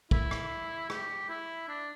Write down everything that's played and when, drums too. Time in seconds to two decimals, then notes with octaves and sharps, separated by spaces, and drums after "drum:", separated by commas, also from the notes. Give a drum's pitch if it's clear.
0.11 E4, drum: kick
0.31 drum: rim click
0.90 G4, drum: rim click
1.29 E4
1.68 D4